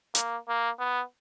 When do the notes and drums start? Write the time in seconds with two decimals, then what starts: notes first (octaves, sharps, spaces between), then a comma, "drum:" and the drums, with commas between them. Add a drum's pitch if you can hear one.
0.15 A#3, drum: hi-hat
0.48 A#3
0.79 B3